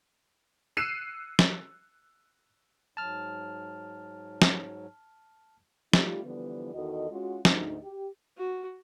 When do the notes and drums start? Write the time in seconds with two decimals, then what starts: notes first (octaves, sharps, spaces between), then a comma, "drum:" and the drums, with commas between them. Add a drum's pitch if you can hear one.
0.77 E6 F#6 C7 C#7 D#7 E7
1.39 drum: snare
2.97 G#2 F#3 A5 F6
4.42 drum: snare
5.93 G3 A3 D#4 F4 G4, drum: snare
6.23 D3 E3 F3 G3 B3
6.74 E2 D#3 F#4 A4 D#5
7.10 G#3 C#4 F4 F#4
7.45 D2 G#2 D#4, drum: snare
7.82 G4
8.37 F#4